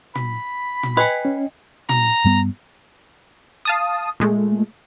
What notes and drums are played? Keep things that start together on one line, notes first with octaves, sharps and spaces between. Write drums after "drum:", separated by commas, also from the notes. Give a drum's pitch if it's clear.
B5, drum: tom
drum: tom
B4 D#5 G5 G#5
C#4
A#5, drum: tom
G2 G3 B3
F5 A5 D#6
A#2 G#3 A3